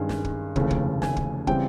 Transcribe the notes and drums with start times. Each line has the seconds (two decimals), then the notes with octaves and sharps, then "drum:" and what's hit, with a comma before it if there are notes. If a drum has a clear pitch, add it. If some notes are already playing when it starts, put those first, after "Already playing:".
Already playing: G2 D#3 G#3 C#4
0.09 drum: snare
0.25 drum: kick
0.56 F1 D#2 C#3 E3 A3, drum: kick
0.71 drum: kick
1.02 G#5, drum: snare
1.17 drum: kick
1.47 C#3 E3 G3 C4 G5, drum: kick